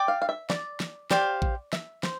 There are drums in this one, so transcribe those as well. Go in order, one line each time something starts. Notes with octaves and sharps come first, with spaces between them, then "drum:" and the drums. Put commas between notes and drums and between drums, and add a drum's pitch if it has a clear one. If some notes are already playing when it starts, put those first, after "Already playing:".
Already playing: D5 G5 D6
F5
F5
E5
D5, drum: snare
drum: snare
G4 C5 D5 F5, drum: snare
drum: kick A#1
E5, drum: snare
C5, drum: snare